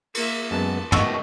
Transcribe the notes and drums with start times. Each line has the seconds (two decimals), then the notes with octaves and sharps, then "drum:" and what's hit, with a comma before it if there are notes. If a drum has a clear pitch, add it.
0.15 A#3 E5, drum: cymbal
0.51 F#2 G#3 B3 A5
0.92 B2 D#3 A3 F#5 C#6 E6, drum: tom